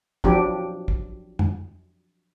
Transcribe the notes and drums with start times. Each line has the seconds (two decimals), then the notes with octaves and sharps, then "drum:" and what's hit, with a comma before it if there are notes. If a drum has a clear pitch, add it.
0.24 F3 F#3 D4 G4, drum: kick
0.88 drum: kick
1.39 drum: tom